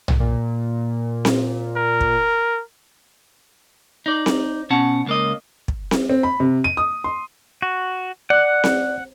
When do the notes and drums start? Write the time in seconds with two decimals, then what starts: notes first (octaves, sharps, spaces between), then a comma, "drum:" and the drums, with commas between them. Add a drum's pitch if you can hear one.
0.08 drum: tom B1
0.20 A#2
1.25 drum: snare C4
1.76 A#4
2.01 drum: kick
4.06 D#4 D5
4.26 drum: snare C4
4.70 B2 C#4 F#5 A5
5.06 C#2 A#3 D#5
5.68 drum: kick
5.91 drum: snare C4
6.10 C4
6.23 B5
6.40 C3
6.64 D#7
6.77 D#6
7.04 C6
7.62 F#4
8.30 D5 F#5 F#6
8.64 drum: snare C4